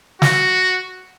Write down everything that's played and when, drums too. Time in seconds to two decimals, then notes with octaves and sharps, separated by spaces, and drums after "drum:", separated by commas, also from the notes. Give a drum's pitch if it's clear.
0.22 F#4, drum: snare